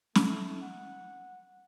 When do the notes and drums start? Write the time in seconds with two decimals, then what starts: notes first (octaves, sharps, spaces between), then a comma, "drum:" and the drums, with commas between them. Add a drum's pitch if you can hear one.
0.15 A3, drum: snare
0.62 F#5